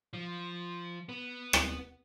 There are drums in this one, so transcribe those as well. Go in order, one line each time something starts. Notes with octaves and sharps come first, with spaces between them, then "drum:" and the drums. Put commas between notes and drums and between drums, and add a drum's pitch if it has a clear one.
F3
B3
drum: rim click